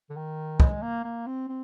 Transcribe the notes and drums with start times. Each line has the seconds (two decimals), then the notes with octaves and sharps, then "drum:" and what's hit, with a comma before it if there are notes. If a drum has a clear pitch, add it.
0.10 D3
0.16 D#3
0.60 G#3, drum: kick
0.82 A#3
1.04 A#3
1.27 C4
1.48 C4